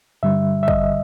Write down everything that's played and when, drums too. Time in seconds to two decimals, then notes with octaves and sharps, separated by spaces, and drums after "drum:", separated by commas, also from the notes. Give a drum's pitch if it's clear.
0.23 G2 D3 G3 E5
0.63 E5
0.68 D#5, drum: kick